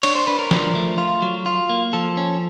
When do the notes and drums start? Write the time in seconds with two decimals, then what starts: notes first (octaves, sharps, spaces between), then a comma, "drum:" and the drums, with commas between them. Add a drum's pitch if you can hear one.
0.03 D4 C#5, drum: cymbal
0.15 C5
0.27 D4 B4
0.39 A#4
0.51 F3, drum: snare
0.75 A3
0.98 F4
1.22 F#3
1.46 F4
1.69 A#3
1.93 F3 A4
2.17 C#4